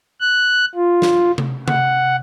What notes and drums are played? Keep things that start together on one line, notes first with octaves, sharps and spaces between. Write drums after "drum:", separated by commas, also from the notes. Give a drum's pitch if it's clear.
F#6
F4
drum: snare
drum: tom C3
F#5, drum: tom C3